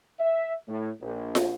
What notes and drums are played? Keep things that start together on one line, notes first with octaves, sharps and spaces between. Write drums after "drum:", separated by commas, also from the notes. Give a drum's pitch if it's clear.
E5
A2
A#1
drum: snare